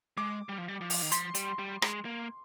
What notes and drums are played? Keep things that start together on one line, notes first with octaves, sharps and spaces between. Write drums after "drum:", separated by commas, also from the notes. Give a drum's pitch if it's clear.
G#3 D6
G3
F3
G3
F3
drum: open hi-hat
D#3
F3 C6, drum: hi-hat
G3, drum: hi-hat
G3
G#3, drum: rim click
A#3